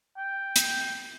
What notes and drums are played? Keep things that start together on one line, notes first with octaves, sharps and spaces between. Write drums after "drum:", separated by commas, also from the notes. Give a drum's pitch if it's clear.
G5
drum: hi-hat